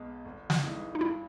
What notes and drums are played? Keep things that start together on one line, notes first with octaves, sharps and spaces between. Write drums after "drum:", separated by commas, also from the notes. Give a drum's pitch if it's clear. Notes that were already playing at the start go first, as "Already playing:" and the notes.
Already playing: B1 B2 G#3
G1
drum: snare
G2 E3 G#3 D#4
D#4
G2 E4